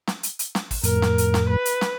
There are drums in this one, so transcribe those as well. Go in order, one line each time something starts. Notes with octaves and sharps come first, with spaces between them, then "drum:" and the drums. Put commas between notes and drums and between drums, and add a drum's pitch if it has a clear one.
drum: snare
drum: hi-hat
drum: hi-hat
drum: snare
drum: kick, open hi-hat
F2 A2 A#4, drum: hi-hat
drum: snare
drum: hi-hat
drum: snare
B4
drum: hi-hat
drum: snare